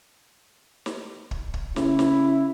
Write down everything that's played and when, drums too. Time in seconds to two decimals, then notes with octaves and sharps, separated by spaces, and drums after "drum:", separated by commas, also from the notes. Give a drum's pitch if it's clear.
0.86 drum: snare
1.31 drum: kick
1.54 drum: kick
1.76 C#3 E4, drum: snare
1.99 drum: snare